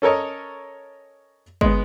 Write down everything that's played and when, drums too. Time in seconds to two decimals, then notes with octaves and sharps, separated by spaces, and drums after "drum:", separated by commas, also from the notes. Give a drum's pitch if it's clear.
0.02 C#4 A4 A#4 C#5 D#5
1.61 G#3 B3, drum: kick G1